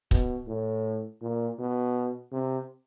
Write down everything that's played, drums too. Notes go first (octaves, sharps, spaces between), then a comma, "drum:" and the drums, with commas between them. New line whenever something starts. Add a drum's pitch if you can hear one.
B2, drum: kick
A2
A#2
B2
C3